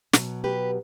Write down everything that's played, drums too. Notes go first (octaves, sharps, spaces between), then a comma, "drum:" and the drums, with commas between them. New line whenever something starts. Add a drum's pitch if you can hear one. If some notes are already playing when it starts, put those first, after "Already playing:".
B2 F#3, drum: snare
G4 B4